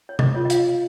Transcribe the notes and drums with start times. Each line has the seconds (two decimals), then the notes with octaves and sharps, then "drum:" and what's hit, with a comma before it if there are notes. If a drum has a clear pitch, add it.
0.09 C#5
0.19 A#4 D#5, drum: tom C3
0.35 F4 C#5
0.45 D#5
0.50 F4 F5, drum: hi-hat
0.66 C#5